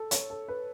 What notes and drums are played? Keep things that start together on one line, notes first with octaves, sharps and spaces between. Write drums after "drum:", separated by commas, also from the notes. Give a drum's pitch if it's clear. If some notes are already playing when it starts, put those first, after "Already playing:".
Already playing: A4
C#5, drum: hi-hat
A4
B4